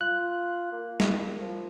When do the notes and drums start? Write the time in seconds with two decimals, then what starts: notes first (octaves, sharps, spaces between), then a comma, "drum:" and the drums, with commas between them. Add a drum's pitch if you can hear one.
0.01 F4 F#6
0.72 A#3
1.00 drum: snare
1.41 F3